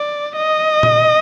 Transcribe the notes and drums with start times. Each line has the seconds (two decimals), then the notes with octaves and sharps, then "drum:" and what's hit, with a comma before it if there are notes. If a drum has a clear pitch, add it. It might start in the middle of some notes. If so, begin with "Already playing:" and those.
Already playing: D5
0.37 D#5
0.83 drum: tom A#2